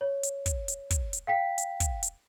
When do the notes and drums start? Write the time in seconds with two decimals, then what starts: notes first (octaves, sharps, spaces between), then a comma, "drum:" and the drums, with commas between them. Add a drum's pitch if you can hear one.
0.01 C#5
0.23 drum: hi-hat
0.46 drum: kick, hi-hat
0.68 drum: hi-hat
0.91 drum: kick, hi-hat
1.13 drum: hi-hat
1.27 F5 G5 B6
1.58 drum: hi-hat
1.80 drum: kick, hi-hat
2.03 drum: hi-hat